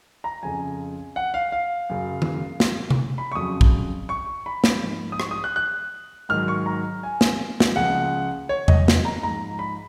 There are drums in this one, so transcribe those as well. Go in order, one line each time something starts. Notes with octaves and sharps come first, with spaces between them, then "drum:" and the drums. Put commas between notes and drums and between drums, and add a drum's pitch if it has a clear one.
A#5
F2 C#3 F3 G#5
F#5
F5
F5
F#2 C#3 F#3
drum: tom D#3
drum: snare
drum: tom C3
B5
C#6
F2 C#3 F#3 D#6
drum: kick
C#6
B5
drum: snare
G#2 F3
D#6
C#6, drum: rim click
D#6
F#6
F#6
G#2 D#3 F#3 F6
C#6
A#5
G#5
drum: snare
drum: snare
C#2 C#3 F3 F#5
C#5
D#5, drum: tom E2
drum: snare
A#5
G#2 F3 A#5
B5